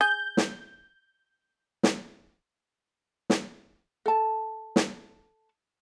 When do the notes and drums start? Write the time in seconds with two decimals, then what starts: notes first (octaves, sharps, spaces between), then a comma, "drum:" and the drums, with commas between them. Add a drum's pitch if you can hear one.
0.01 G#4 G6
0.37 drum: snare
1.83 drum: snare
3.30 drum: snare
4.06 A4 A5
4.76 drum: snare